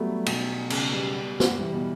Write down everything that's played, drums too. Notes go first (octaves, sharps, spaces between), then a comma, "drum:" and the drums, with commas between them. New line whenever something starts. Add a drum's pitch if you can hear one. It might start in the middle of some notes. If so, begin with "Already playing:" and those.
Already playing: F#3 G3 A3 B3
B2, drum: cymbal
C#3, drum: cymbal
G3 B3
drum: snare
E3 G3
B2